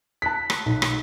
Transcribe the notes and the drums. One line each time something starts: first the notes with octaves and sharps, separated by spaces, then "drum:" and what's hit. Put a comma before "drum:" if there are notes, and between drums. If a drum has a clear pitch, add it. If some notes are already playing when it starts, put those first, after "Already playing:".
A5 F#6 B6
drum: rim click
B1
drum: rim click